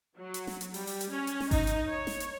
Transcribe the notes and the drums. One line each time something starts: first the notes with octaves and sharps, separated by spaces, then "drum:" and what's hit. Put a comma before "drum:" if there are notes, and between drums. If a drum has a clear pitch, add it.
F#3
drum: hi-hat
drum: snare
drum: hi-hat
G3, drum: open hi-hat
drum: open hi-hat
drum: hi-hat
C#4
drum: hi-hat
drum: snare
D#4, drum: kick G#1, open hi-hat
drum: hi-hat
C#5
drum: snare
drum: hi-hat